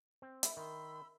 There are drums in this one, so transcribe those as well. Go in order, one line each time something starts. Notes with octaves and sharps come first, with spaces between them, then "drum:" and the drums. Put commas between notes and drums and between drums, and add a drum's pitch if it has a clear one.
C4
D4 A#4 E5 B5 E6, drum: hi-hat
D#3 B5 C6 E6